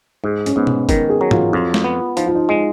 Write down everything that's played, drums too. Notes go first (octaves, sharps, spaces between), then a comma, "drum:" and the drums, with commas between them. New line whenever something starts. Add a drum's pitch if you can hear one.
G#2 G#4
C#4, drum: hi-hat
G#2 B3
drum: tom B2
D#3 A#4, drum: kick F#1, hi-hat
G#4
F#3
F4, drum: tom
F2 F4
drum: snare
B3
F3 D#4, drum: hi-hat
F4
D#4
G#3 D#4